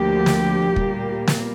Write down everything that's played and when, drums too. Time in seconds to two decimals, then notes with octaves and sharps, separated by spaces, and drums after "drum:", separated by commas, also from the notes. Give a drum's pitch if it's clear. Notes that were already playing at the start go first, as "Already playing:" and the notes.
Already playing: D2 D3 F3 A#3 G4
0.26 drum: snare
0.76 A#2 G3 A#3, drum: kick
1.27 drum: snare